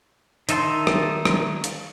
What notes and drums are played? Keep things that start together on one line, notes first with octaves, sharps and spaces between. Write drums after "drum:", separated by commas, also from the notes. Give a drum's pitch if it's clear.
D#3 D#4 E5 A5 C6, drum: hi-hat
drum: rim click
drum: rim click
drum: hi-hat